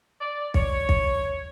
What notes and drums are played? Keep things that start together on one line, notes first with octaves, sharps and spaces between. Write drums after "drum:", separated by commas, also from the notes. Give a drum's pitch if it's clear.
D5
C#5, drum: kick
drum: kick